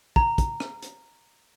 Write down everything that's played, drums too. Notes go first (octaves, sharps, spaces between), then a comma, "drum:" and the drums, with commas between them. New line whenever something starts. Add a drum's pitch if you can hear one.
A#5, drum: kick
drum: kick, hi-hat
drum: rim click
drum: hi-hat